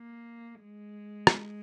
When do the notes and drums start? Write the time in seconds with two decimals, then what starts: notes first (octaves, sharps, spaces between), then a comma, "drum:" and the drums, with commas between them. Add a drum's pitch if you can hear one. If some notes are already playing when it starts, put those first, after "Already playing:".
Already playing: A#3
0.63 G#3
1.27 drum: rim click